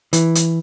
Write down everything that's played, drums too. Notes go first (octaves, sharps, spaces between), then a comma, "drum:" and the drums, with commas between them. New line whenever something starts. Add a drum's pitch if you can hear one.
E3, drum: hi-hat
drum: hi-hat